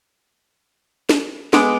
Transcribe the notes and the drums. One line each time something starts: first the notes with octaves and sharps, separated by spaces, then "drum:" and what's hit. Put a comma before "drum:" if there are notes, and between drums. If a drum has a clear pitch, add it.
drum: snare
G#3 B3 D6, drum: snare